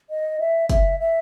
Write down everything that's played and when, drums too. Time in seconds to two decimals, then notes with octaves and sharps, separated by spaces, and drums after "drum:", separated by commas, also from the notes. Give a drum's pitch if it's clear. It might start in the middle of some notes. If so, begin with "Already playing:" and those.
0.10 D#5
0.40 E5
0.69 E5, drum: kick F#1, hi-hat
1.00 E5